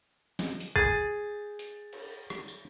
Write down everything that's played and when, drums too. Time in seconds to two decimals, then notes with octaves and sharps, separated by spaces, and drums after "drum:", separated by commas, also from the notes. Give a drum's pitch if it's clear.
0.39 drum: snare
0.60 drum: hi-hat
0.76 G#4 A6, drum: kick
1.59 drum: hi-hat
1.93 drum: cymbal
2.30 drum: rim click
2.48 drum: tambourine